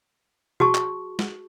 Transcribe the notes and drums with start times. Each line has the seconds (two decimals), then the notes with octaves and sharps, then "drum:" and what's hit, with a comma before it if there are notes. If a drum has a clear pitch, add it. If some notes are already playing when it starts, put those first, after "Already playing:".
0.60 F#4 G#4 A5 C#6, drum: tom B2
0.75 drum: clap
1.19 drum: snare